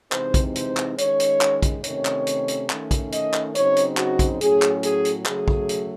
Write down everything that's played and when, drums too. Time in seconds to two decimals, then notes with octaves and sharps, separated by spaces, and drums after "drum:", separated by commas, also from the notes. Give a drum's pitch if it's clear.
0.12 C3 E3 G#3 C4 D#4 C5, drum: clap
0.34 drum: kick A#1, hi-hat
0.56 C5, drum: hi-hat
0.77 drum: clap
0.98 D#3 G#3 C#4 C#5, drum: hi-hat
1.20 drum: hi-hat
1.41 drum: clap
1.62 drum: kick A#1, hi-hat
1.84 C3 D#3 A3 C#4 C#5, drum: hi-hat
2.05 drum: clap
2.27 drum: hi-hat
2.48 drum: hi-hat
2.70 D#3 A3 C#4, drum: clap
2.91 drum: kick A#1, hi-hat
3.12 D#5, drum: hi-hat
3.34 drum: clap
3.55 C#3 F#3 C4 D#4 C#5, drum: hi-hat
3.76 drum: hi-hat
3.97 F#4, drum: clap
4.19 drum: kick A#1, hi-hat
4.41 A2 F#3 C#4 G#4, drum: hi-hat
4.62 drum: clap
4.83 G#4, drum: hi-hat
5.05 drum: hi-hat
5.26 C#3 F#3 A3 G#4, drum: clap
5.48 drum: kick A#1
5.69 drum: hi-hat